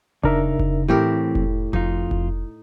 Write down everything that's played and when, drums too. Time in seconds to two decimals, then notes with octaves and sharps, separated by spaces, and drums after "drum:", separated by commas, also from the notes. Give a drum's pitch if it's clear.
0.23 C#3 D4 D#4 A#4 E5, drum: kick F1
0.59 drum: kick F1
0.88 A2 E3 A3 C4 E4 G4 A#4
1.35 drum: kick F1
1.73 F2 D#4 F4, drum: kick F1
2.11 drum: kick F1